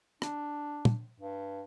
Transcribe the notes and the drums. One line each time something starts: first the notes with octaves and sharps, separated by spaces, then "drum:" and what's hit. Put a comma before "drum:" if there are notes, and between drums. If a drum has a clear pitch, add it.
D4, drum: rim click
drum: tom
G2